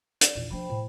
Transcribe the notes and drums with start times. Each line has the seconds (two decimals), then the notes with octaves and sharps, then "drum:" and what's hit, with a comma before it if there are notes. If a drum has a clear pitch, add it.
0.21 D5, drum: hi-hat
0.35 A#1 E2
0.51 F3 D4 C5 G5 B5
0.70 A2